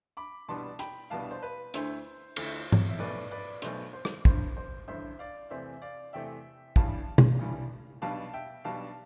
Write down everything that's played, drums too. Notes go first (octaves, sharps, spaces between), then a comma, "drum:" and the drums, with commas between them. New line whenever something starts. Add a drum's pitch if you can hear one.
B5 D6
C2 B2 G3 B3 D4 A5 C6
G5 B5, drum: hi-hat
C2 B2 G3 B3 D4 F5 A5
C5
B4
D2 D3 A3 E4 C5, drum: hi-hat
D2 D3 A3 E4, drum: cymbal
drum: tom G#2
E5
B1 B2 A3 B4 D5
B4 D5
B1 B2 A3 C5, drum: hi-hat
C5
drum: rim click
A1 G2 D3 C5, drum: kick
C5
A1 G2 D3 C5 E5
D5 F5
E2 C3 E3 A3 C4 C5 E5
D5 F5
E2 C3 E3 A3 C4 E5 G5
A1 G2 E3 G3 F5 A5, drum: kick
drum: tom B2
A1 G2 E3 G3
B1 B2 G3 D4 F5 A5
E5 G5
B1 B2 G3 D4 F5 A5